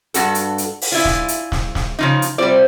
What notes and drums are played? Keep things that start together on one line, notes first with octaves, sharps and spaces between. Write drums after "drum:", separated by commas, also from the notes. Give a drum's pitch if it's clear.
G2 F#4 A4, drum: hi-hat
drum: hi-hat
drum: hi-hat
drum: open hi-hat
E4 F4 D5 G#5 B5
drum: snare
drum: hi-hat
drum: snare
drum: snare
C#3 F3 D#4
drum: hi-hat
C3 F3 G3 D5